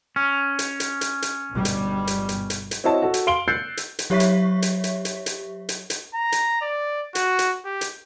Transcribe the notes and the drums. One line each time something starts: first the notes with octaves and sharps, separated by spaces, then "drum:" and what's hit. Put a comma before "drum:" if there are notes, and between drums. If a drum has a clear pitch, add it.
C#4
drum: hi-hat
drum: hi-hat
drum: hi-hat
drum: hi-hat
G1 B2 G3
drum: hi-hat
drum: hi-hat
drum: hi-hat
drum: hi-hat
drum: hi-hat
C4 E4 F#4 C#5 D#5 A5
F#4 A4
drum: hi-hat
F5 C6 D7 F#7 G7
E6 F#6 G6 A6 C7 C#7
drum: hi-hat
drum: hi-hat
F#3 G4 C#5 E5 C#6 B6
drum: hi-hat
drum: hi-hat
drum: hi-hat
drum: hi-hat
drum: hi-hat
drum: hi-hat
drum: hi-hat
A#5
drum: hi-hat
D5
F#4, drum: hi-hat
drum: hi-hat
G4
drum: hi-hat